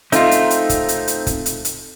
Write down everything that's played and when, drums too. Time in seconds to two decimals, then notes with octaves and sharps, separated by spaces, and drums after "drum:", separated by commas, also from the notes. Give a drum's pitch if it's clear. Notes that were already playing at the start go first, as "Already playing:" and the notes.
0.12 A3 C4 D#4 F4, drum: hi-hat
0.31 drum: hi-hat
0.50 drum: hi-hat
0.69 drum: kick, hi-hat
0.89 drum: hi-hat
1.08 drum: hi-hat
1.27 drum: kick, hi-hat
1.46 drum: hi-hat
1.65 drum: hi-hat